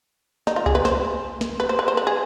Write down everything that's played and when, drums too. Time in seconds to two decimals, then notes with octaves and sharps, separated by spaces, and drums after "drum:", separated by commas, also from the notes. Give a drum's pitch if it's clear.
0.47 D#4, drum: snare
0.56 F4
0.66 G#4, drum: kick C2
0.75 B4
0.85 C5, drum: snare
1.41 drum: snare
1.60 B4
1.69 C5
1.79 B4
1.88 C5
1.97 B4
2.07 G#4